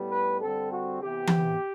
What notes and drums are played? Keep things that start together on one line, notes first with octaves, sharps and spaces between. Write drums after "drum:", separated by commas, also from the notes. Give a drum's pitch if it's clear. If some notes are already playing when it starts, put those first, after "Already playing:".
Already playing: A2 G3 B3
B4
G2 D3 G3 C4 A4
F#4
C3 E3 B3 G4
drum: tom E3